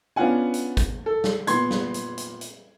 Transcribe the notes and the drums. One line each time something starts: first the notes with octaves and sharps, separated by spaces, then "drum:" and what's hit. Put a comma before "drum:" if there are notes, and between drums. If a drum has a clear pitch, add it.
B3 C#4 D4 F4 F#5 G#5
drum: hi-hat
drum: kick G#1, hi-hat
A4
drum: snare
A#2 B3 C6 G#6, drum: hi-hat
drum: snare
drum: hi-hat
drum: hi-hat
drum: hi-hat